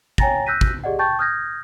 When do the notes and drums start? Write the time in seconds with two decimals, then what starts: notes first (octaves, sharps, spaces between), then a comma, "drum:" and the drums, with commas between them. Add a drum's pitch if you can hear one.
0.18 C#5 G5 G#5 A#5 A6 A#6, drum: kick
0.46 E6 F#6 G6 A#6 B6 D#7
0.61 drum: kick
0.84 G4 G#4 D5 D#5 F#5
0.99 G5 A5 C#6 G6 A6
1.19 D#6 F6 G6 G#6 A#6